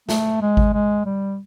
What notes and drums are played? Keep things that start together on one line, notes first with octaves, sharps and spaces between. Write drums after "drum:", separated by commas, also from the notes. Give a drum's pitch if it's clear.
A3, drum: snare
G#3
drum: kick G#1
G#3
G3